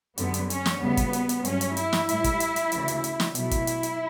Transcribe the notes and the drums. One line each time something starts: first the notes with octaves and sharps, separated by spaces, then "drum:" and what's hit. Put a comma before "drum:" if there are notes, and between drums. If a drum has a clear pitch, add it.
F#2 D3 G3 B3, drum: hi-hat
drum: hi-hat
C#4, drum: hi-hat
drum: snare
D2 C#3 G3 B3
drum: kick, hi-hat
drum: hi-hat
drum: hi-hat
G2 F#3 A3 C#4, drum: hi-hat
drum: hi-hat
E4, drum: hi-hat
drum: snare
A2 G3, drum: hi-hat
drum: kick, hi-hat
drum: hi-hat
drum: hi-hat
D2 C#3 E3, drum: hi-hat
drum: hi-hat
drum: hi-hat
drum: snare
B2 F#3 A3 E4, drum: hi-hat
drum: kick, hi-hat
drum: hi-hat
drum: hi-hat